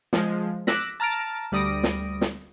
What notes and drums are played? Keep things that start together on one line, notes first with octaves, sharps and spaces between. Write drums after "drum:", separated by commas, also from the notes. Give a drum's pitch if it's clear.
F3 G#3, drum: snare
D6 E6 F#6 A#6 B6, drum: snare
A5 A#5 F6 A6 D7
D2 G3 D5 D#6 A#6 D7
drum: snare
drum: snare